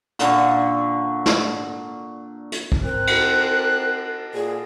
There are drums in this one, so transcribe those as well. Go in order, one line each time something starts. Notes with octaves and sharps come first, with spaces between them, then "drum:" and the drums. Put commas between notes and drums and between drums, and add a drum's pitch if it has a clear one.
A#2 D3 C#6, drum: hi-hat
drum: snare
drum: hi-hat
drum: kick
C4 A#4 F#6
drum: cymbal
A#2 G#4